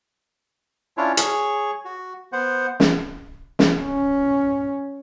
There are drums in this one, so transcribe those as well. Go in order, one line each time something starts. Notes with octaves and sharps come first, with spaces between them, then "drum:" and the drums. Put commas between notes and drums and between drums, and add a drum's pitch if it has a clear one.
C#4 D4 E4 F4 C#5
G#4 C#5 C#6, drum: hi-hat
F#4
B3 C5 F#5
drum: snare
drum: snare
C#4